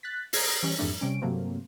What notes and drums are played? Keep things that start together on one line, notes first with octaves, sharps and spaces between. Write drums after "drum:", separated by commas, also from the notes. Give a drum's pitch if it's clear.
F#6 A6 B6
A#5 D#6 G6 G#6 A#6 C7, drum: open hi-hat
E3 G3 C#4
F2 G#2 E3 G3 A3 D4
C3 G3 C#4 D7
G2 C3 F#3 A3 A#3 C4